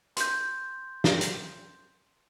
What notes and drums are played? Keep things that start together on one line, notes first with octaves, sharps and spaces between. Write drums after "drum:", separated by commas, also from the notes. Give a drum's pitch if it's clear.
C6 G6, drum: hi-hat
drum: snare
drum: hi-hat